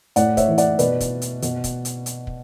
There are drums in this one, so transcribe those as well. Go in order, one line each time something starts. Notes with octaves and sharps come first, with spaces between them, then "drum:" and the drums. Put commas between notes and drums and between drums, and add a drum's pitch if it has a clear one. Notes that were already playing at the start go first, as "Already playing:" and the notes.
A2 D5 F#5, drum: hi-hat
C#5 E5, drum: kick, hi-hat
E3
D5 F#5, drum: hi-hat
B2 B4 D5, drum: hi-hat
drum: kick, hi-hat
drum: hi-hat
B2, drum: hi-hat
drum: kick, hi-hat
drum: hi-hat
drum: hi-hat
drum: kick